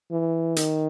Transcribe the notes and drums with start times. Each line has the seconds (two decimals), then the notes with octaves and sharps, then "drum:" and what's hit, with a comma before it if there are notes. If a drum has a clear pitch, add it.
0.11 E3
0.56 D#3, drum: hi-hat